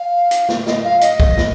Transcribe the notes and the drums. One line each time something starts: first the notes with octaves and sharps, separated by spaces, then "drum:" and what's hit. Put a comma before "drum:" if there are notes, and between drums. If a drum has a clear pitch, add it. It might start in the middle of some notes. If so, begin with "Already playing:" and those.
Already playing: F5
drum: hi-hat
drum: snare
D#5, drum: snare
F5
D#5, drum: hi-hat
drum: kick B1
drum: snare